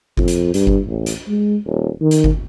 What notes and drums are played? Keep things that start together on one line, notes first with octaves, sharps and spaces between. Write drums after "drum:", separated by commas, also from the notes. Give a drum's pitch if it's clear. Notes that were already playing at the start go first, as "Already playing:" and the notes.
F2, drum: kick G1
drum: hi-hat
G2, drum: hi-hat
drum: kick G1
A1
drum: hi-hat
G#3
D#1
D#3
drum: hi-hat
drum: kick G1